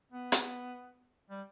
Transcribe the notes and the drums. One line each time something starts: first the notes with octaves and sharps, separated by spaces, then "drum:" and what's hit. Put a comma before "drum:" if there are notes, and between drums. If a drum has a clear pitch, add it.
B3
drum: hi-hat
G3